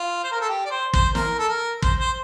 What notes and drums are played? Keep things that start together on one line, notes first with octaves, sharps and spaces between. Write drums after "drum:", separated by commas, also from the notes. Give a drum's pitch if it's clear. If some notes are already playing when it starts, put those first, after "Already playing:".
Already playing: F4
C5
A#4
A4
G4
D5
C5
C5, drum: kick
A#4, drum: snare
A4
A#4
C5, drum: kick
C5